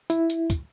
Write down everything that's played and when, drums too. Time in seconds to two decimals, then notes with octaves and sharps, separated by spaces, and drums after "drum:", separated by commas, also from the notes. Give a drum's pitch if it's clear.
0.10 E4, drum: hi-hat
0.30 drum: hi-hat
0.50 drum: kick, hi-hat